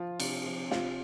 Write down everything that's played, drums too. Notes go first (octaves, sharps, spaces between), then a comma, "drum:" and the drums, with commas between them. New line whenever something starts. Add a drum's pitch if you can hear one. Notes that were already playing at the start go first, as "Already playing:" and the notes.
Already playing: F3 F4
C3, drum: cymbal
F3
C3 F4, drum: snare